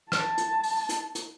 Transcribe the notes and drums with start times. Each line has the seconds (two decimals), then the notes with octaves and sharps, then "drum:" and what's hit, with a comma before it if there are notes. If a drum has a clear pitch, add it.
0.12 A5, drum: rim click
0.38 drum: hi-hat
0.63 drum: open hi-hat
0.89 drum: hi-hat
1.15 drum: hi-hat